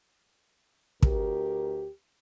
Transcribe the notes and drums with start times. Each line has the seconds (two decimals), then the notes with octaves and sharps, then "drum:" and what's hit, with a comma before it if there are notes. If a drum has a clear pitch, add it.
1.02 D2 G4 A#4, drum: kick